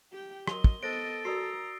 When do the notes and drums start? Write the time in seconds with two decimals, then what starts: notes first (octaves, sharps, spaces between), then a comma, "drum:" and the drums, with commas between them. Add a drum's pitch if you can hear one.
0.12 G4 G5
0.47 F#3 A#4 D#5 C6 G7, drum: rim click
0.64 drum: kick
0.83 B3 A4 C5 D#5 A6 A#6 D7
1.25 F#4 A#4 D5 A#5 D#6 E6 C7